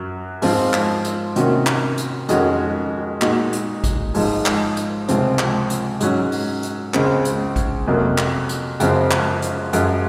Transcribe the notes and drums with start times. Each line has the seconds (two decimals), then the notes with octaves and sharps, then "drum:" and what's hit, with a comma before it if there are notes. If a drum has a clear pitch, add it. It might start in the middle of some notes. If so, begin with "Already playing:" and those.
Already playing: F#2 F#3
0.42 G#2 F3 C4 F4, drum: open hi-hat
0.73 drum: clap
1.04 drum: hi-hat
1.36 C3 D#3 A#3 C#4 F#4, drum: hi-hat
1.66 drum: clap
1.98 drum: hi-hat
2.29 F2 D#3 G#3 C#4 F#4, drum: hi-hat
3.22 A#2 G#3 D#4 F#4, drum: clap
3.53 drum: hi-hat
3.84 drum: kick, hi-hat
4.14 G#2 F3 G#3 D#4, drum: open hi-hat
4.46 drum: clap
4.77 drum: hi-hat
5.08 C#2 C3 F3 C4, drum: hi-hat
5.39 drum: clap
5.70 drum: hi-hat
6.00 G#2 F#3 C#4, drum: hi-hat
6.32 drum: open hi-hat
6.63 drum: hi-hat
6.94 C#2 C#3 G#3 C4, drum: clap
7.25 drum: hi-hat
7.56 drum: kick, hi-hat
7.87 F2 C3 F#3 A#3
8.18 drum: clap
8.49 drum: hi-hat
8.80 F#2 C#3 F3 G#3 C4, drum: hi-hat
9.11 drum: clap
9.42 drum: hi-hat
9.73 F#2 F3 G#3, drum: hi-hat